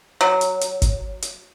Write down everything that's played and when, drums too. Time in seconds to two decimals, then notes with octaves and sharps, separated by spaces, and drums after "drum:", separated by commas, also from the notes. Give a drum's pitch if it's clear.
0.21 F#3
0.41 drum: hi-hat
0.61 drum: hi-hat
0.82 drum: kick G1, hi-hat
1.22 drum: hi-hat